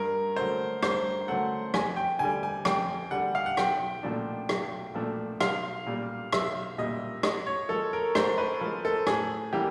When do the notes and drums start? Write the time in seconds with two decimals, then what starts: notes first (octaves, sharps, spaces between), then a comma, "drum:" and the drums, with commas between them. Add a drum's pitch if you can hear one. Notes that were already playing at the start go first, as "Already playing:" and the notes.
Already playing: G2 A#4
0.36 D3 F#3 A3 C5
0.83 G2 C5, drum: rim click
1.28 D3 F#3 A3 F#5
1.74 F2 G#5, drum: rim click
1.96 G5
2.19 D3 G3 G#5
2.43 G#5
2.65 F2 G5, drum: rim click
3.11 D3 G3 F#5
3.35 F5
3.46 F#5
3.57 B1 G5, drum: rim click
4.03 A#2 F3 A3 D4
4.49 B1, drum: rim click
4.95 A#2 F3 A3 D4
5.41 B1 F5, drum: rim click
5.86 A#2 G3
6.33 B1 E5, drum: rim click
6.78 A#2 G3 D#5
7.23 G#2 D#5, drum: rim click
7.46 C#5
7.69 F3 G#3 A4
7.93 A#4
8.15 G#2 C5, drum: rim click
8.38 B4
8.61 F3 G#3
8.85 A4
9.07 A2 G#4, drum: rim click
9.53 E3 G3 A#3 G4